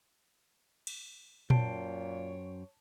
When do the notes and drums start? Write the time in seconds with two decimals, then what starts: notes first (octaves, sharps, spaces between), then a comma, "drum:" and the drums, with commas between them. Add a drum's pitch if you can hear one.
0.87 drum: cymbal
1.50 F#2 A#2 C5 C#5 G5 A5, drum: tom A#2